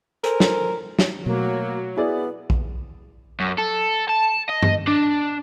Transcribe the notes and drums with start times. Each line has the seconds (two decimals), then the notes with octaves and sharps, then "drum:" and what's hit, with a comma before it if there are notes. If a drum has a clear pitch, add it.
0.24 A4 A#4 C5 G#5, drum: hi-hat
0.40 drum: snare
0.99 drum: snare
1.26 B2 F#3 A3 A#3
1.97 B3 E4 G#4 D5
2.50 drum: kick A#1
3.40 F#2
3.58 A4
4.09 A5
4.50 D#5
4.62 drum: tom G2
4.88 D4